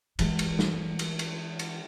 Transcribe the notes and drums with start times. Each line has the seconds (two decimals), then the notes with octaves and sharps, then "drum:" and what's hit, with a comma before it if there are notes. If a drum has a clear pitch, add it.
0.19 E3 G#3, drum: cymbal
0.39 drum: cymbal
0.59 drum: snare
0.99 drum: cymbal
1.19 drum: cymbal
1.59 drum: cymbal